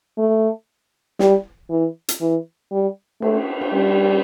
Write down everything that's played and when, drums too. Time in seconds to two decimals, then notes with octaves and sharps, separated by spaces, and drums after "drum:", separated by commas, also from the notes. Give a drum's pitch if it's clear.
0.18 A3
1.19 G3, drum: snare
1.70 E3
2.09 drum: hi-hat
2.21 E3
2.72 G3
3.22 A3, drum: cymbal
3.61 drum: cymbal
3.72 G3